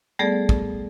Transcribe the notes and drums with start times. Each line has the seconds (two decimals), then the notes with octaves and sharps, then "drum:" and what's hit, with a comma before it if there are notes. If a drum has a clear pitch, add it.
0.19 G3 A3 B3 G#4 A4 D5
0.49 drum: kick